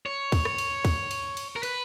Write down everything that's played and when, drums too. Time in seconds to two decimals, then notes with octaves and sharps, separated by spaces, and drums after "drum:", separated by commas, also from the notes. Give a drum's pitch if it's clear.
0.06 C#5
0.32 drum: kick, cymbal
0.45 drum: rim click
0.58 drum: cymbal
0.85 drum: kick, cymbal
1.11 drum: cymbal
1.37 drum: cymbal
1.56 A#4
1.63 B4, drum: cymbal